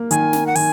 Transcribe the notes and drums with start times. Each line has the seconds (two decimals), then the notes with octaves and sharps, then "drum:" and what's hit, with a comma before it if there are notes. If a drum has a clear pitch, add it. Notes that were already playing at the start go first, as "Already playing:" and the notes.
Already playing: A#3
0.11 D#3 G#5, drum: hi-hat
0.33 drum: snare
0.47 F#5
0.55 D#3 G#5, drum: open hi-hat